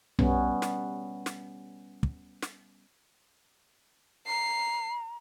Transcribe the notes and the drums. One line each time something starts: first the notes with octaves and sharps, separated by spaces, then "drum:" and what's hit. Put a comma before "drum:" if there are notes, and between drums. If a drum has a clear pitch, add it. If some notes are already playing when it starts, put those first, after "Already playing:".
G3 B3 C#4, drum: tom B1
drum: snare
drum: snare
drum: kick
drum: snare
A#5 C7